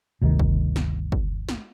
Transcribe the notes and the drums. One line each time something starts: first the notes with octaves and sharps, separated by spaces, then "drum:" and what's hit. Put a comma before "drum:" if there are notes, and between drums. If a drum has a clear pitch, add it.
G1 D2 C3 D#3
drum: kick
drum: snare
drum: kick
drum: snare